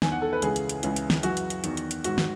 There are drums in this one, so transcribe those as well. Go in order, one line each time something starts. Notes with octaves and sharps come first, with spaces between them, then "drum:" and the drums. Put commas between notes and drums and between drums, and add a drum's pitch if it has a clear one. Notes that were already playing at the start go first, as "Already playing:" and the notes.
E2 D#3 G#5, drum: snare
F#5
A4
B4
C#2 C#3 E3 G#4, drum: hi-hat
drum: hi-hat
drum: hi-hat
C#2 C#3 E3, drum: hi-hat
drum: hi-hat
drum: snare
F#2 E3 F#4, drum: hi-hat
drum: hi-hat
drum: hi-hat
E2 D#3, drum: hi-hat
drum: hi-hat
drum: hi-hat
G#2 D#3 F#4, drum: hi-hat
drum: snare